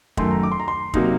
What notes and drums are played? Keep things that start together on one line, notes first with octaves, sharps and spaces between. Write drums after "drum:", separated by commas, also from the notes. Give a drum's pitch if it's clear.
F#2 D#3 A3 C6, drum: kick
A#5
D6
C6
A#5
C6
C3 F#3 A#3 D#4, drum: kick